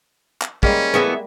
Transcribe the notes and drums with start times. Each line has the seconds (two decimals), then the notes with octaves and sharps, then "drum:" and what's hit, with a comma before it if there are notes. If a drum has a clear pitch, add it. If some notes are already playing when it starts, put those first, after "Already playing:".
0.42 drum: clap
0.63 G3 G#3 A#3 C#4, drum: kick
0.94 E3 A3 B3 G#4 E5